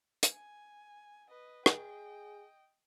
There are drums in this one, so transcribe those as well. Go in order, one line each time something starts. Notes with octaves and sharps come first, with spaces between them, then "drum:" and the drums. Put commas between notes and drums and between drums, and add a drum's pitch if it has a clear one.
drum: hi-hat
G#5
B4 D#5
G#4 D#5 G5, drum: rim click